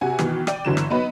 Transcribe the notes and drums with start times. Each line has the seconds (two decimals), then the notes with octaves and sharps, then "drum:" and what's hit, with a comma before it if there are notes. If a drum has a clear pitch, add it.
0.01 C3 F#4 G#5
0.19 B2 D#3 E3, drum: rim click
0.47 D5 G5 D#7, drum: rim click
0.65 G1 D3 E3 F#3 E7
0.77 drum: rim click
0.90 F#3 B3 D#4 B4 B5